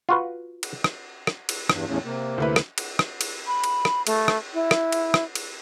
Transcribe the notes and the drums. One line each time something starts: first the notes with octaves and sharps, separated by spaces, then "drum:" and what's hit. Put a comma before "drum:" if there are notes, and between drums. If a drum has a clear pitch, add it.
F4 F#4 B4
drum: cymbal
drum: rim click
drum: rim click
drum: cymbal
E2 G2, drum: rim click
E2 A2 C#3
C3 A#3
D2 E4 B4
drum: rim click
drum: cymbal
drum: rim click
drum: cymbal
B5
drum: cymbal
drum: rim click
A3, drum: cymbal
drum: rim click
E4
drum: rim click
drum: cymbal
drum: rim click
drum: cymbal